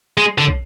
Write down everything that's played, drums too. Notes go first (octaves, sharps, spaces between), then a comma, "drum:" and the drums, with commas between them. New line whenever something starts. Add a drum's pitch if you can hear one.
G#3
D3
drum: kick